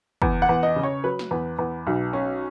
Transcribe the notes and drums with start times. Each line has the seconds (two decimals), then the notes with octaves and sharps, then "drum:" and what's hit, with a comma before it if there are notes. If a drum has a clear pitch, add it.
0.22 E2, drum: kick
0.42 F#5
0.49 E2
0.63 D#5
0.76 C#3
0.83 C#5
1.04 F#3 B4
1.19 drum: snare
1.31 E2
1.59 E2
1.87 B1
2.13 C#4